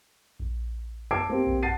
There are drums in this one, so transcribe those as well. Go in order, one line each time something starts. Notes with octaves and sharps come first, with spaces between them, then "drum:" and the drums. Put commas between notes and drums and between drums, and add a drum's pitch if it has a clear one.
drum: kick A#1
A5 D6 E6 G#6 C7 D7
A#3 C4 G4
drum: kick A#1
F#5 A5 A6 C7 D#7